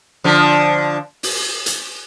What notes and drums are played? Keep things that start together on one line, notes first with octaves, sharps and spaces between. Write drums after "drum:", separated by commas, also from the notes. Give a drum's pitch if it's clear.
D3 F3
drum: open hi-hat
drum: hi-hat